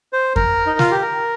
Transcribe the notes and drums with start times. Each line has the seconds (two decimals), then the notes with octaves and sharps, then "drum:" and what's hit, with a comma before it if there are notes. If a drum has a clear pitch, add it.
0.13 C5
0.36 A#4, drum: kick F2
0.67 D#4
0.79 F4, drum: snare
0.91 G4
1.02 A#4